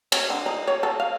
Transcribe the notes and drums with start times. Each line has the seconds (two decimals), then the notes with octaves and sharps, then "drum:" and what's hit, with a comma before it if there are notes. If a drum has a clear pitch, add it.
0.12 C#4, drum: cymbal
0.30 D3
0.46 D#4
0.67 C#5
0.83 A4
1.00 F5